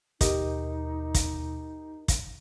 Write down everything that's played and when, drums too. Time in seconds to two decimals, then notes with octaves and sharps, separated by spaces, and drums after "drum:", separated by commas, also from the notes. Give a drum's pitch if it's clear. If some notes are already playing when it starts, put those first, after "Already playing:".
0.21 D#2 B2 D#4 G4 A#4 D#5, drum: kick, hi-hat
1.15 drum: kick, hi-hat
2.08 drum: kick, hi-hat